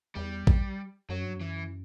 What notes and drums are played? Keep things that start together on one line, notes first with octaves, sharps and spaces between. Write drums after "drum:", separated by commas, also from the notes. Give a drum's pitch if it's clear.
E2 G3
drum: kick A1
F#2 F#3
G2
F#2 E3